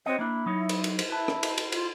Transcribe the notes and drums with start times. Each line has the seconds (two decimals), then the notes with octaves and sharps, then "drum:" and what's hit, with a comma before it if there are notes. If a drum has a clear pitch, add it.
0.06 C4 F#4 C#5 D#5
0.19 A#3 D4 E4
0.46 F#3 D#4 C#5
0.69 drum: cymbal
0.84 drum: cymbal
0.99 drum: cymbal
1.10 E4 B4 A5
1.28 drum: rim click
1.43 drum: cymbal
1.58 drum: cymbal
1.72 F4, drum: cymbal